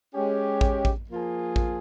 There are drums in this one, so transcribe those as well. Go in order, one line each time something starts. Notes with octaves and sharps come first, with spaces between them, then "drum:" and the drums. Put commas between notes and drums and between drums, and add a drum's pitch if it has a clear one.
G#3 C#4 G4
drum: kick A1
drum: kick A1
F3 A#3 F4 G#4
drum: kick A1